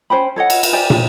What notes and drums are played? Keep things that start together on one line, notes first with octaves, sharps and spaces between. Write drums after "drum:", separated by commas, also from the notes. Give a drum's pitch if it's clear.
C#4 C5 G5 B5
A4 C#5 D#5 F#5
drum: cymbal
drum: cymbal
G4 C5 D5 G#5
drum: tom